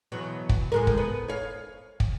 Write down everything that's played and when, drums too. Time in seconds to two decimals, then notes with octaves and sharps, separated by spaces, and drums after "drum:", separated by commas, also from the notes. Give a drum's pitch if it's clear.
0.12 E2 B2 F#3
0.49 drum: kick
0.72 A2 G#3 A#4
0.87 drum: kick
0.98 B3
1.28 C#5 F5
2.00 drum: kick